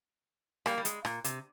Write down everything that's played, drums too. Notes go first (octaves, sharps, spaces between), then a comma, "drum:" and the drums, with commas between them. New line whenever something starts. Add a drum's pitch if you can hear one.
G3 A#3, drum: rim click
G3
G#3, drum: hi-hat
A#2, drum: rim click
C3, drum: hi-hat